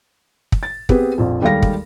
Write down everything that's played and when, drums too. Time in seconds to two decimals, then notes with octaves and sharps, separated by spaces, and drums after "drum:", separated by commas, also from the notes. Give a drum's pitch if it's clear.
0.52 drum: kick
0.63 A6
0.89 B3 C4 G4 G#4 B4, drum: kick
1.18 A#1 F2
1.41 D#2 G3 G#3 A4 F5 A#6
1.62 drum: kick